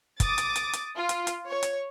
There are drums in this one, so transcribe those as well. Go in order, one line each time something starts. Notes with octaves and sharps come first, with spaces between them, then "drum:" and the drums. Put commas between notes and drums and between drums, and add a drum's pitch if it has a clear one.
D6 D#6 A6, drum: kick, hi-hat
drum: hi-hat
drum: hi-hat
drum: hi-hat
F4
drum: hi-hat
drum: hi-hat
C#5
drum: hi-hat